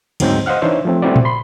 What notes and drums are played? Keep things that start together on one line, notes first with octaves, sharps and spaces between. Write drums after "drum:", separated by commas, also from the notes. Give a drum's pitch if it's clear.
D2 G#2 F#3 C4 D#4 G6, drum: cymbal
C5 D#5 F5 F#5 F6
E3 D4 D#4 C5 C#5 E5
F3 A3 C4
G3 A3 C4 E4 F#4 D5
drum: tom A#2
B5 C6